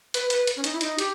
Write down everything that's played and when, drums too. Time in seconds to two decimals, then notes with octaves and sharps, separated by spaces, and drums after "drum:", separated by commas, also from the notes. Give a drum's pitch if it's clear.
0.14 B4, drum: hi-hat
0.30 B4, drum: hi-hat
0.47 drum: hi-hat
0.56 C#4
0.64 D#4, drum: hi-hat
0.73 E4
0.81 D#4, drum: hi-hat
0.99 G4, drum: hi-hat